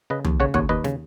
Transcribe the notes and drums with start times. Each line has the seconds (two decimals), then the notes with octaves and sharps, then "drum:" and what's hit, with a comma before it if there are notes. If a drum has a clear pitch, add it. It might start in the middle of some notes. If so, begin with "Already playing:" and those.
0.10 C#3 B4 D#5
0.25 D#2, drum: tom
0.40 C#3 C#5 F#5
0.54 D#2 C#5 F#5, drum: kick
0.69 D#2 B4 D#5
0.84 C#3, drum: snare